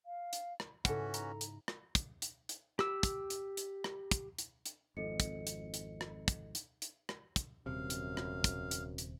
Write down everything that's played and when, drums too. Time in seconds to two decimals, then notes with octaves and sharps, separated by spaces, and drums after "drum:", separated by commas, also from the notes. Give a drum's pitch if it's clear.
0.06 F5
0.33 drum: hi-hat
0.60 drum: rim click
0.85 G#2 C#3 E3 C#4 E4 F#4 A4 F#5, drum: kick, hi-hat
1.14 A#5, drum: hi-hat
1.41 drum: hi-hat
1.68 drum: rim click
1.95 drum: kick, hi-hat
2.22 drum: hi-hat
2.49 drum: hi-hat
2.79 G4 E6, drum: rim click
3.03 drum: kick, hi-hat
3.30 drum: hi-hat
3.57 drum: hi-hat
3.84 drum: rim click
4.11 drum: kick, hi-hat
4.38 drum: hi-hat
4.66 drum: hi-hat
4.97 G#1 F2 A4 D#5 C#7
5.20 drum: kick, hi-hat
5.47 drum: hi-hat
5.74 drum: hi-hat
6.01 drum: rim click
6.28 drum: kick, hi-hat
6.55 drum: hi-hat
6.82 drum: hi-hat
7.09 drum: rim click
7.36 drum: kick, hi-hat
7.66 D#1 F#2 C3 F5
7.90 drum: hi-hat
8.17 drum: rim click
8.44 drum: kick, hi-hat
8.71 drum: hi-hat
8.98 drum: hi-hat